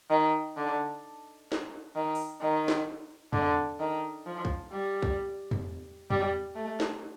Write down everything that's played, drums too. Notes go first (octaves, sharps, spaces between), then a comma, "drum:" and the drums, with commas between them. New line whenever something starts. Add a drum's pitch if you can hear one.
D#3
D3
drum: snare
D#3
drum: open hi-hat
D#3
drum: snare
D3, drum: tom E2
D#3
F3
drum: kick
G3
drum: kick
drum: tom E2
G3, drum: tom E2
A3
drum: snare